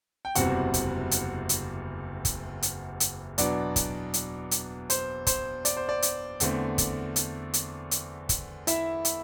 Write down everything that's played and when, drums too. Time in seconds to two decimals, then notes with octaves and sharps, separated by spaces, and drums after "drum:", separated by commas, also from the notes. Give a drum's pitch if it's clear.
0.25 G5
0.35 F#1 E2 C3 G3 C4 F#4 F#5, drum: hi-hat
0.74 drum: kick, hi-hat
1.11 drum: hi-hat
1.49 drum: hi-hat
2.25 drum: kick, hi-hat
2.62 drum: hi-hat
3.00 drum: hi-hat
3.38 E2 B2 F#3 B3 D4 D5, drum: hi-hat
3.76 drum: kick, hi-hat
4.14 drum: hi-hat
4.51 drum: hi-hat
4.90 C5, drum: hi-hat
5.27 C5, drum: kick, hi-hat
5.65 D5, drum: hi-hat
5.77 C5
5.89 D5
6.02 drum: hi-hat
6.40 E2 D3 A3 C4, drum: hi-hat
6.78 drum: kick, hi-hat
7.16 drum: hi-hat
7.54 drum: hi-hat
7.91 drum: hi-hat
8.29 drum: kick, hi-hat
8.67 E4 E5, drum: hi-hat
9.05 drum: hi-hat